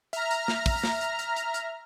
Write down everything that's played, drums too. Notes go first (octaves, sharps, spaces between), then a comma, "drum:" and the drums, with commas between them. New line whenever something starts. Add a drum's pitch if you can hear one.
E5 A#5 F6, drum: hi-hat
drum: hi-hat
drum: snare
drum: kick, open hi-hat
drum: snare
drum: hi-hat
drum: hi-hat
drum: hi-hat
drum: hi-hat